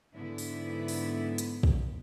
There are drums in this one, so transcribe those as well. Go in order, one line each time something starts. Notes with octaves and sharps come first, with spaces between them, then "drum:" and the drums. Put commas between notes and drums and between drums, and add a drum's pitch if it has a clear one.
G#2 D3 B3 E4
drum: open hi-hat
drum: open hi-hat
drum: hi-hat
drum: kick